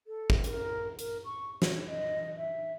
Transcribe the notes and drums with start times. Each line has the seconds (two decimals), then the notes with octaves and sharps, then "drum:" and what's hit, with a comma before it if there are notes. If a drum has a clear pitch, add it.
0.07 A4
0.30 drum: kick
0.44 A#4, drum: hi-hat
0.99 A#4, drum: hi-hat
1.25 C#6
1.62 C#5, drum: snare
1.88 D#5
2.37 E5